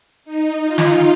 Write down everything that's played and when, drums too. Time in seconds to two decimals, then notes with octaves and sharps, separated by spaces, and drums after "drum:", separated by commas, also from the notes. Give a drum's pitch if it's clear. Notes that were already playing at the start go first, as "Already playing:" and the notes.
0.25 D#4
0.65 F4
0.78 drum: snare